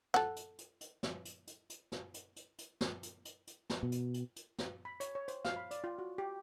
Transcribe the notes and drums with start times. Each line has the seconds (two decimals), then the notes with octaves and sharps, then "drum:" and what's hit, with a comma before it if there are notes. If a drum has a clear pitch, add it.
0.14 A4 F#5, drum: snare
0.36 drum: hi-hat
0.58 drum: hi-hat
0.81 drum: hi-hat
1.03 drum: snare
1.25 drum: hi-hat
1.47 drum: hi-hat
1.70 drum: hi-hat
1.92 drum: snare
2.14 drum: hi-hat
2.36 drum: hi-hat
2.58 drum: hi-hat
2.81 drum: snare
3.03 drum: hi-hat
3.25 drum: hi-hat
3.47 drum: hi-hat
3.70 drum: snare
3.83 B2
3.92 drum: hi-hat
4.14 drum: hi-hat
4.36 drum: hi-hat
4.58 drum: snare
4.85 B5
5.00 C#5, drum: hi-hat
5.15 C#5
5.28 C5, drum: hi-hat
5.45 F5, drum: snare
5.56 B5
5.71 D5, drum: hi-hat
5.84 F4
5.99 F#4
6.18 G4